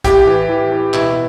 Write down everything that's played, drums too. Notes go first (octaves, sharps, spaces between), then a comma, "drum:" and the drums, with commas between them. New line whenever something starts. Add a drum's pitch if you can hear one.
A2 G4, drum: kick, hi-hat
E3
E3
E3
B2 E4, drum: clap